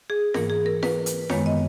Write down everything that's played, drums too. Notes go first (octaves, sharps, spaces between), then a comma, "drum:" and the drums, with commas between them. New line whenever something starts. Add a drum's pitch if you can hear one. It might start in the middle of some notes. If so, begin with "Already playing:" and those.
G#4
G#2 E3 A#3 A#4, drum: snare
G#4
A#4
B4, drum: snare
drum: hi-hat
F#2 D#3 G#3 B3 C#5, drum: snare
D#5